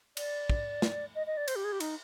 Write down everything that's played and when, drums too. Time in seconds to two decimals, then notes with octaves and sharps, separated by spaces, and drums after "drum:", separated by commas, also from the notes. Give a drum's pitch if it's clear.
0.17 D5, drum: cymbal
0.50 drum: kick
0.82 drum: snare
1.15 D#5
1.27 D#5
1.37 D5
1.48 C5, drum: cymbal
1.56 G4
1.64 G#4
1.72 G4
1.80 D#4, drum: cymbal